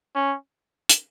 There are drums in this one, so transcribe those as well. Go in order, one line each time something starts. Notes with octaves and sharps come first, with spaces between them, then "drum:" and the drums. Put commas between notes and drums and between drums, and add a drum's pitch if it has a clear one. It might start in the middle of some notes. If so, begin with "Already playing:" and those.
C#4
drum: hi-hat